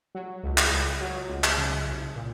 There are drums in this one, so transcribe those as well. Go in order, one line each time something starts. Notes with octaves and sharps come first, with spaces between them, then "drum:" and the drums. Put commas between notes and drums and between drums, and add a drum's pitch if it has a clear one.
F#3
C#2
drum: clap
C#2
F#3
C#2
drum: clap
C#3
C2
A#2